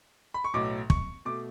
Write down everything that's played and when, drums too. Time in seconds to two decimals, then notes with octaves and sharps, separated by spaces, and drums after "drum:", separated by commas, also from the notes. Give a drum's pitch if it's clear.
0.34 B5
0.44 C#6
0.54 B1 A2 F#3 D6
0.90 C#6, drum: kick
1.25 B2 A3 D6